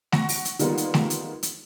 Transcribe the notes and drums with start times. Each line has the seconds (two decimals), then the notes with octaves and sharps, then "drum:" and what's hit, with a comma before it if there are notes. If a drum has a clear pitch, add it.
0.12 F#5 C#6 A#6, drum: snare A3
0.29 drum: open hi-hat
0.45 drum: hi-hat
0.59 D#3 G3 G#3 A#3 B3 F4, drum: hi-hat
0.77 drum: hi-hat
0.94 drum: snare A3
1.10 drum: hi-hat
1.43 drum: hi-hat